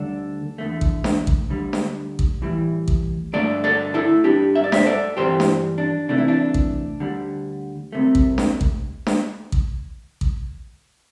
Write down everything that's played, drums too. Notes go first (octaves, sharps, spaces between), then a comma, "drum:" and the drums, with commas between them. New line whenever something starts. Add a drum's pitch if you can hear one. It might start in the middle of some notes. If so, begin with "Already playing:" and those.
Already playing: D2 D3 G3 A4 D5
E2 D3 A3
drum: kick A1
drum: snare D4
drum: kick A1
D2 D3 G3
drum: snare D4
drum: kick A1
A2 E3 G3
drum: kick A1
G2 D3 A3 A4 D5
A4 D5
E4 A4
G2 G3 D4 G4
E5
D5
C5 E5, drum: snare D4
A4 D5
G2 E3 G3 G4 C5
drum: snare D4
D4
C2 C3 E3 A3 D4
E4
D4
drum: kick A1
D2 D3 G3
C2 C3 A3
drum: kick A1
drum: snare D4
drum: kick A1
drum: snare D4
drum: kick A1
drum: kick A1